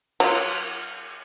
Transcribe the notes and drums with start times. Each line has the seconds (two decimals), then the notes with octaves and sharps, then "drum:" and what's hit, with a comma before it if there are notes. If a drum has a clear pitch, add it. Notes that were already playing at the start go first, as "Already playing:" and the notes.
0.20 F#3 F4, drum: cymbal